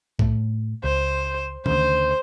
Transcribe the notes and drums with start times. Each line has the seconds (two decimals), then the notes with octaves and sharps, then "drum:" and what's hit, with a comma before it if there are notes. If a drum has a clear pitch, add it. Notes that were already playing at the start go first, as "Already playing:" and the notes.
0.19 A2 A3, drum: kick
0.84 C#2 C5
1.66 D2 C#3 C5, drum: tom D#3